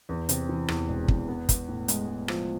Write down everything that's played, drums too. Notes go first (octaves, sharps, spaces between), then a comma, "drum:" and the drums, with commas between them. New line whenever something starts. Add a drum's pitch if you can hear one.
E2
C3, drum: hi-hat
E3
E2, drum: rim click
E1
E2, drum: kick
B3
B3, drum: kick, hi-hat
A2
G#3, drum: hi-hat
G#3
F3, drum: rim click